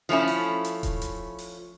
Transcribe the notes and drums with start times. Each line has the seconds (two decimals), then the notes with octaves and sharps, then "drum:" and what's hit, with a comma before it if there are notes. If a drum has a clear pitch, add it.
0.09 F3 A3 C#4 E4
0.28 drum: open hi-hat
0.65 drum: hi-hat
0.83 drum: kick D#1, hi-hat
1.01 drum: hi-hat
1.38 drum: open hi-hat